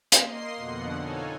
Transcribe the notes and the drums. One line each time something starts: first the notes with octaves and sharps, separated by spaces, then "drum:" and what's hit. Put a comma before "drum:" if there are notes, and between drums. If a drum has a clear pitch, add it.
A#3 D#5 C6 C7, drum: hi-hat
F2 B2 D3 F#5
D#4 F4 A4 C#5 G#5